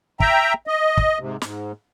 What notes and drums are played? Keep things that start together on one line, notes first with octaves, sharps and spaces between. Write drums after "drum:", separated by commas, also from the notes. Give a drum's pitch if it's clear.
E5 G5 A#5, drum: kick
D#5
drum: kick
G#2 C3
G#2, drum: snare